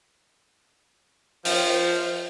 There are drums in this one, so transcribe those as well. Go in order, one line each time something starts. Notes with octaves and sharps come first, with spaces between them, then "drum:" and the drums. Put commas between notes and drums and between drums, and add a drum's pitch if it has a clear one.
F3, drum: open hi-hat